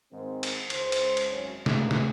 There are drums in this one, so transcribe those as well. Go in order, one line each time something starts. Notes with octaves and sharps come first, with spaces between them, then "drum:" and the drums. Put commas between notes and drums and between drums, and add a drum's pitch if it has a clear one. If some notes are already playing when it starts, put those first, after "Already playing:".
G#2 D#3 G#3 C4
drum: cymbal
C#2 C5, drum: cymbal
drum: cymbal
drum: cymbal
G#1 F#2 C#4
A2 C3 E3 A#3 D#4, drum: snare
drum: snare